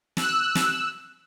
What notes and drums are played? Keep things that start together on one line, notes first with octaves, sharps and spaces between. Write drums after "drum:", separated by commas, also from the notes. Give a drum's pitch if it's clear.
E6 F#6, drum: snare
drum: snare